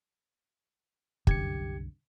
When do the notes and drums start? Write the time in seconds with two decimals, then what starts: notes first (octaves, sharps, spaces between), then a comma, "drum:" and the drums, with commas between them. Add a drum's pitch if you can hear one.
1.27 C2 F#2 D3 G4 G#6 C#7, drum: kick